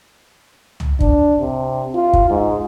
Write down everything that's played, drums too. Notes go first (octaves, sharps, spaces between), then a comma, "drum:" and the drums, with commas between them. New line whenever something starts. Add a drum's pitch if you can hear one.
drum: tom
D4, drum: kick
C3
F4
drum: kick
G#2